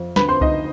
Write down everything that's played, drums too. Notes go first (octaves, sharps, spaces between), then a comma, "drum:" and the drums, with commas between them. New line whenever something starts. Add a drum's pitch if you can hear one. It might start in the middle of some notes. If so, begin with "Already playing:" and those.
Already playing: F2
D2 B4 B5, drum: snare
C5 C6
D2 D#4 D#5, drum: kick C2